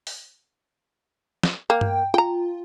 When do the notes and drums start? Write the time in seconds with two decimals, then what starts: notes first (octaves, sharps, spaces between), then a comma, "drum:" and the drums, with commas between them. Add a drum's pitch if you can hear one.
0.07 drum: open hi-hat
1.43 drum: snare
1.70 A#3 G5
1.81 drum: tom G2
2.14 F4 G5 A#5